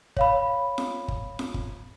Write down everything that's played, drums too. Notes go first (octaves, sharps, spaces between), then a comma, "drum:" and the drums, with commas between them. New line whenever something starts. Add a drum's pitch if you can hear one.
C#5 F5 B5, drum: kick G1
drum: snare F4
drum: kick G1
drum: snare F4
drum: kick G1